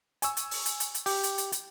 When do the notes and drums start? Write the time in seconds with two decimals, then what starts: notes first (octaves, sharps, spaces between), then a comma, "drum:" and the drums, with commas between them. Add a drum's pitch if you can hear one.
0.22 G#5 C#6 E6, drum: hi-hat
0.37 drum: hi-hat
0.51 drum: open hi-hat
0.66 drum: hi-hat
0.80 drum: hi-hat
0.94 drum: hi-hat
1.06 G4, drum: open hi-hat
1.23 drum: hi-hat
1.38 drum: hi-hat
1.52 drum: hi-hat